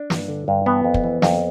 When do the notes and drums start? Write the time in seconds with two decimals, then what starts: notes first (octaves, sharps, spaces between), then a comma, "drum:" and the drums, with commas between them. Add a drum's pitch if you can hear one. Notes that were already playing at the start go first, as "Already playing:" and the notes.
Already playing: D4
0.10 G2, drum: snare
0.28 D3
0.48 G2
0.66 E3 B3
0.84 F2
0.94 drum: kick
1.04 E3
1.22 F2, drum: snare